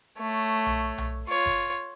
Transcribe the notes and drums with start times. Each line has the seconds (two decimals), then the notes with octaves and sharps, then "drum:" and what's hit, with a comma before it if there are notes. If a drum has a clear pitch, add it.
0.18 A3 C#5
0.66 drum: tom B1
0.98 drum: tom B1
1.28 F4 C#5
1.46 drum: kick F#1